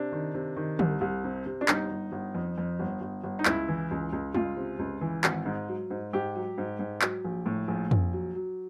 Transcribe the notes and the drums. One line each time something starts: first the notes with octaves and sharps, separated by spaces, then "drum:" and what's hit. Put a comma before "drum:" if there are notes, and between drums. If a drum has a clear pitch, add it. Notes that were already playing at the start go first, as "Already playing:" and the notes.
Already playing: C3 D4
D#3
C3
D#3
C2, drum: tom D3
C2
C3
C3
D4
G1 D#4, drum: clap
G1
G1
F2
F2
G1
G1
G1
D#4
C#2 E4, drum: clap
E3
C#2
C#2
C#2 F4, drum: tom G3
C3
C#2
E3
G#1, drum: clap
G#2
F#3
G#2
G#2 G4
F#3
G#2
G#2
F#3, drum: clap
A#1
A2
A#1
A#1, drum: tom F2
F#3
F#3